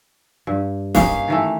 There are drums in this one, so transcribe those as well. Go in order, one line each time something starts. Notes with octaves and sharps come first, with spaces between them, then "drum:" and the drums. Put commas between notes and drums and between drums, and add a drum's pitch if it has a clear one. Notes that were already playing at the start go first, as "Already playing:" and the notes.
G2
A#3 C#4 D#4 F5, drum: snare
D#3 E3 A3